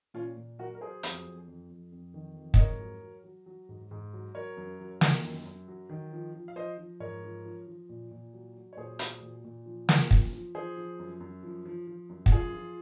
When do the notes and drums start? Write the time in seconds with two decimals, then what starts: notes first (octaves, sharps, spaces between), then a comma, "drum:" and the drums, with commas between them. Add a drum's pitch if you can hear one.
0.14 A#2 C#4 F4
0.36 A#2
0.59 F#3 F#4 A#4
0.75 A#4
0.81 F#3 G#4 C5
1.03 F2, drum: hi-hat
1.26 F2
1.48 F2
1.70 F2
1.92 F2
2.14 D#3
2.35 F2
2.54 D#5, drum: kick
2.58 G#2 A#4 C#5
2.80 F#3
3.02 F#3
3.24 F#3
3.46 F#3
3.69 G#2
3.91 G#2
4.14 F#3
4.35 F#3 A#4 C#5
4.57 F#2
4.79 F#3
5.01 D#3, drum: snare
5.23 F#2
5.46 F#2
5.68 F#3
5.89 D#3
6.12 F3
6.34 F3
6.48 F5
6.56 F3 C5 D#5
6.78 F3
7.00 G#2 A#4 C#5
7.23 F3
7.44 F3
7.67 F3
7.89 A#2
8.11 A#2
8.34 F#3
8.56 F#3
8.73 C#5
8.77 A#2 G#4 C5
8.99 F#3, drum: hi-hat
9.22 A#2
9.45 A#2
9.66 F3
9.89 F#2, drum: snare
10.11 F3, drum: kick
10.32 F3
10.55 F3 G#4 C5
10.77 F3
10.99 F#2
11.20 F#2
11.43 F3
11.65 F3
11.87 F3
12.09 F#2
12.26 F#4, drum: kick
12.31 F#2 F4 G#4
12.54 F3